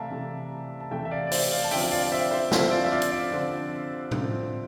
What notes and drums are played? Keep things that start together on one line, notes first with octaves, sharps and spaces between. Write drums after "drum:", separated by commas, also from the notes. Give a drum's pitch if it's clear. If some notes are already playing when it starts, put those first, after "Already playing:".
Already playing: C3 E3 A3 D5 E5 F5 A5 A#5
C3 E3 A3
A5
C3 E3 A3 E5 G5
E5
D5 F5
D5
C5 E5, drum: open hi-hat
D5 F5
A5
D3 F3 C4 E5 G5, drum: open hi-hat
G5
D5 F5
D5
C5 E5
C5 E5
D3 F3 C4 C5 E5, drum: snare
D5 F5
E5
D5 F5
drum: hi-hat
D5 F5
D3 F3 C4
D3 F3 C4, drum: tom A2